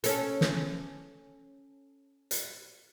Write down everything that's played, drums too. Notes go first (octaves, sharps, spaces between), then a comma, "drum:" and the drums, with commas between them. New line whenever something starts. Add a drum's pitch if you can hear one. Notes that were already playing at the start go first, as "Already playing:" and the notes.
C#4 A4, drum: hi-hat
drum: snare
drum: hi-hat